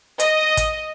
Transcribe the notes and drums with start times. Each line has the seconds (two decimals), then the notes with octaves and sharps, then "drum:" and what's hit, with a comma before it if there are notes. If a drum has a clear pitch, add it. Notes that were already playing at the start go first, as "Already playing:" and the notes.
0.20 D#5, drum: hi-hat
0.57 drum: kick, hi-hat